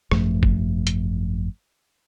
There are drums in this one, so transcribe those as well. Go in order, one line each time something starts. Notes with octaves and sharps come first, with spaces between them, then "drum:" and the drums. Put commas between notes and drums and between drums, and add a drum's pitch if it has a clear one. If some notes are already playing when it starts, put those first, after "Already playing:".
G#1 F#2 F3 A3, drum: rim click
drum: kick F#1
drum: hi-hat